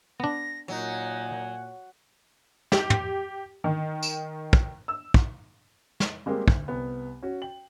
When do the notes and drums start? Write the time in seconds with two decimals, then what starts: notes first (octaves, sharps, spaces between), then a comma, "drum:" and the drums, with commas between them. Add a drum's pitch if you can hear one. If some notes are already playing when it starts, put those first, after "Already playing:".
0.20 B3 D4 A#6
0.68 A#2 F#3 D#4 F#5 G#5
2.72 G4, drum: snare
2.90 drum: tom
3.64 D#3
4.03 drum: tambourine
4.53 drum: kick
4.88 E6
5.14 drum: kick
6.00 drum: snare
6.26 G3 G#3 A#3 C4 G4
6.48 D2, drum: kick
6.68 C2 B3
7.23 C#4 F#4
7.42 G5 F#7